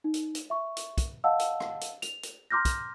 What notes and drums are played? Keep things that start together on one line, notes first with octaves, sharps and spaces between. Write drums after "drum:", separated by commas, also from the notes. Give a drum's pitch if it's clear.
D#4
drum: hi-hat
drum: hi-hat
E5 C#6
drum: hi-hat
drum: kick, hi-hat
D#5 F5 F#5 A5 E6
drum: hi-hat
drum: rim click
drum: hi-hat
F7, drum: hi-hat
drum: hi-hat
A#5 C6 D6 F6 G6 A#6
drum: kick, hi-hat